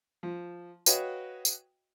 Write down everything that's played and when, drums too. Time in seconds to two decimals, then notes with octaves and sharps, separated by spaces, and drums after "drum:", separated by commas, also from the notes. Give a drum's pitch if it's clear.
0.23 F3
0.86 F#4 B4 C#5 D#5 F5 G5, drum: tambourine
1.45 drum: tambourine